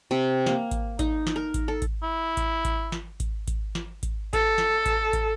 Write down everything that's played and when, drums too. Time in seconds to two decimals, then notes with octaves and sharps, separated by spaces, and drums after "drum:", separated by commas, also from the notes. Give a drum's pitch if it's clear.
0.11 C3
0.46 A#3, drum: snare
0.71 drum: kick G#1, hi-hat
0.99 D#4, drum: kick G#1, hi-hat
1.27 drum: snare
1.36 A#4
1.54 drum: kick G#1, hi-hat
1.68 A4
1.82 drum: kick G#1, hi-hat
2.03 E4
2.37 drum: kick G#1, hi-hat
2.65 drum: kick G#1, hi-hat
2.92 drum: snare
3.20 drum: kick G#1, hi-hat
3.48 drum: kick G#1, hi-hat
3.75 drum: snare
4.03 drum: kick G#1, hi-hat
4.33 A4, drum: kick G#1, hi-hat
4.58 drum: snare
4.86 drum: kick G#1, hi-hat
5.13 drum: kick G#1, hi-hat